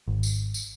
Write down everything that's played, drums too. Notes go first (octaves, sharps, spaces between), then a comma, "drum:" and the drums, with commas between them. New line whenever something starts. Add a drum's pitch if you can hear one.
G#1
drum: tambourine
drum: tambourine